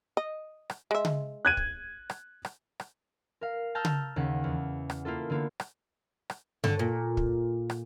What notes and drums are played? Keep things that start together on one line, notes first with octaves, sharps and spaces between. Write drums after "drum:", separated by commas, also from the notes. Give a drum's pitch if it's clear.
D#5
drum: rim click
G#3 E5
drum: tom C#3
F#6 G#6 D#7
drum: kick
drum: rim click
drum: rim click
drum: rim click
A#4 F5
A5 A#5 E6 F6 G6
drum: tom C#3
D#2 C#3 F#5
E2
drum: rim click
A#3 E4 F4 A4
D3 A#3 B3
drum: rim click
drum: rim click
D3, drum: tom G2
A#2
drum: kick
drum: rim click